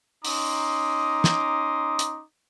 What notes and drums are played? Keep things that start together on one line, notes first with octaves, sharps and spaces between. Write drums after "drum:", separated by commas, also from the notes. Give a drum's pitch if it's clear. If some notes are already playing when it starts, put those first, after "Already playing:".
C#4 D#4 A#5 C6 D6 D#6, drum: open hi-hat
drum: snare
drum: hi-hat